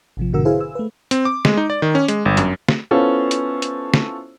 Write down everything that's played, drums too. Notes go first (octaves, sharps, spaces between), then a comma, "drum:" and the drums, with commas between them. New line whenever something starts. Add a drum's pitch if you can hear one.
A1 C3 F3
G#2 B2 D3 F#4 A#4 E6
E4 G#4 B4 C5 F5 G#5
E6
A3 B4
C4, drum: hi-hat
D6
G#3, drum: snare
D#4
D5
D#3
C#4
G#3, drum: hi-hat
G1
F#2, drum: hi-hat
drum: snare
B3 C#4 E4 F4 A4 C5
drum: hi-hat
drum: hi-hat
drum: snare